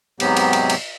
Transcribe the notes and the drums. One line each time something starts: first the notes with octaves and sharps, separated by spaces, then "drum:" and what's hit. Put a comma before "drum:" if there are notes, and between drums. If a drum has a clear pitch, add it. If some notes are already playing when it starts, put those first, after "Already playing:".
G#2 C3 F#3 B3 G4, drum: cymbal
drum: cymbal
drum: cymbal
drum: cymbal